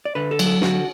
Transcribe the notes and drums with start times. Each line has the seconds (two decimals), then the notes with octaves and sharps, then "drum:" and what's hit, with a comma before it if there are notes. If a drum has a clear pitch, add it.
0.05 D5
0.15 D3 B4
0.31 A4
0.39 F#3, drum: cymbal
0.46 A4
0.61 D3 F#4, drum: snare